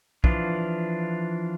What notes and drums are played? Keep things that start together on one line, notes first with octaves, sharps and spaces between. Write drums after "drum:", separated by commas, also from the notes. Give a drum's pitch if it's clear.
E3 F3 D4 F4, drum: kick